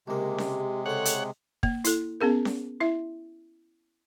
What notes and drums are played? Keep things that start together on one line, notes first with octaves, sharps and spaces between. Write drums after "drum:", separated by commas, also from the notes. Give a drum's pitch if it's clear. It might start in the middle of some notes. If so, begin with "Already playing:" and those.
C#2 C3 G#3 A#3 G4
drum: snare C#4
C#3 A4 C5 C#5 F#5
drum: hi-hat
A#3, drum: kick
E4 A4, drum: hi-hat
B3 C#4 G#4 A#4
drum: snare C#4
E4 E5